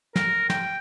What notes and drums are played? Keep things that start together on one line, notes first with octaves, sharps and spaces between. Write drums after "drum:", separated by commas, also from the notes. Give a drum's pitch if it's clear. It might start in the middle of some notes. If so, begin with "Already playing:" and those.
A#4, drum: snare
G5, drum: snare